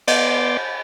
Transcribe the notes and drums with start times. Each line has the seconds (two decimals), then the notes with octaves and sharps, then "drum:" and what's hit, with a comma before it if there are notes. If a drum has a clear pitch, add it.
0.08 B3 D5 C6 D6, drum: cymbal